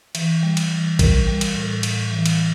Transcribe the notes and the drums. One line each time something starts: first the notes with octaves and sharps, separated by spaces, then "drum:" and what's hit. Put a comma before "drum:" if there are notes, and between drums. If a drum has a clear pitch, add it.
E3, drum: cymbal
G3
drum: cymbal
E3
G3 A#4, drum: kick A#1, cymbal
G3
drum: cymbal
A2
A2, drum: cymbal
E3
drum: cymbal